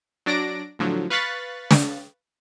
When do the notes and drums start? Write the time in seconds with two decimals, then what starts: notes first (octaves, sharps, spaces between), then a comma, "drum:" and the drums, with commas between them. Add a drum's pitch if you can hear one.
0.26 F#3 D4 D5 A#6 D7
0.79 A2 D3 F3 F#3
1.10 B4 F5 C#6 F#6 A6 B6
1.71 drum: snare